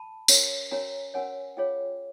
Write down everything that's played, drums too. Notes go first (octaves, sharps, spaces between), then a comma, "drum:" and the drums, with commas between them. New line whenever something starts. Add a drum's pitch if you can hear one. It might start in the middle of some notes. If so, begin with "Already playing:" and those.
Already playing: A5 B5
C#4 F#4 A#4 C#5, drum: tambourine
C#4 F#4 A#4 C#5 G#5 A#5
C#4 F#4 A#4 C#5 F#5 G#5
F4 G#4 C#5 F5 G5